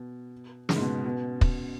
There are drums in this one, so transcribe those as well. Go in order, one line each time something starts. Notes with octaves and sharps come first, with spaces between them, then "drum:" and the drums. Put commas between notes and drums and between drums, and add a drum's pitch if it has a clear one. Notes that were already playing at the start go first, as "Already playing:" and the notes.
Already playing: B2
C#3, drum: snare
G#2
B2
B2
drum: kick